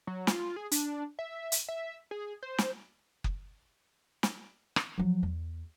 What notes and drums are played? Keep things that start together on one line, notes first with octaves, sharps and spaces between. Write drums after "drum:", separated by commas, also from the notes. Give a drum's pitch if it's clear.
F#3
F4, drum: snare
G#4
D4, drum: hi-hat
E5
drum: hi-hat
E5
G#4
C5
drum: snare
drum: kick F#1
drum: snare
drum: rim click
F3 F#3
E2